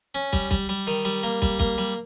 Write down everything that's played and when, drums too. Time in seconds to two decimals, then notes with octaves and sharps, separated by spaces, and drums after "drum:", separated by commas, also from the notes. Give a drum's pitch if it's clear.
0.15 C#4
0.33 G3, drum: kick
0.51 G3, drum: kick
0.69 G3
0.87 D#3
1.05 G3
1.23 A#3
1.42 G3, drum: kick
1.60 A#3, drum: kick
1.78 G3